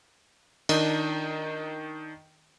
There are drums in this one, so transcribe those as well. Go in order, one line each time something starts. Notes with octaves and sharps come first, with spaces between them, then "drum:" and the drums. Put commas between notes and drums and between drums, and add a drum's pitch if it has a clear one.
D#3 D4 D#4, drum: cymbal